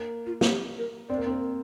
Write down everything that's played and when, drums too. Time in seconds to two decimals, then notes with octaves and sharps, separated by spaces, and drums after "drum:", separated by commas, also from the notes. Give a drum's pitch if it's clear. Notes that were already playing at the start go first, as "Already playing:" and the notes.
Already playing: A#3
0.26 F4
0.41 F4, drum: snare A#3
0.48 G4
0.78 A#4
1.09 C4 D5
1.18 A#3
1.27 C4 A#4